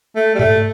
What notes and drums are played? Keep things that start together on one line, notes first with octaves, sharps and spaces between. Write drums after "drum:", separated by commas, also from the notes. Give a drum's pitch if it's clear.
A3
G3
A3, drum: tom G2